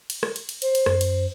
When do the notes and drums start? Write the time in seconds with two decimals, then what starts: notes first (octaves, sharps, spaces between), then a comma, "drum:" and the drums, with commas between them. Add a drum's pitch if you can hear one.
0.10 drum: cymbal
0.23 drum: rim click
0.36 drum: cymbal
0.49 drum: cymbal
0.62 C5, drum: cymbal
0.75 drum: cymbal
0.86 F#2, drum: rim click
1.01 drum: cymbal